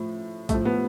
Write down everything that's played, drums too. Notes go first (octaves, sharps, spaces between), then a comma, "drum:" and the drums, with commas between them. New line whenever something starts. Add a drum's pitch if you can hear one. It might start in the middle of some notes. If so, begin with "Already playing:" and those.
Already playing: A2 F3
A2 F3 A3, drum: kick, hi-hat
B3